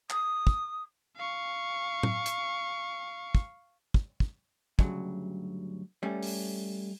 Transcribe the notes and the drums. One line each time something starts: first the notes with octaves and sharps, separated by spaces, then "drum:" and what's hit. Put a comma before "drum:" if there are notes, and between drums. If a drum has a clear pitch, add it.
D#6, drum: clap
drum: kick
F5 C#6
drum: tom A2
drum: hi-hat
drum: kick
drum: kick
drum: kick
D2 G2 C#3 F#3, drum: kick
G3 A3 C#4
drum: open hi-hat